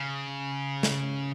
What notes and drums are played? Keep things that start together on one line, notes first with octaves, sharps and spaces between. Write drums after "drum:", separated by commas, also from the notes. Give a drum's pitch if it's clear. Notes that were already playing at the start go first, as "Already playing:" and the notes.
Already playing: C#3
drum: snare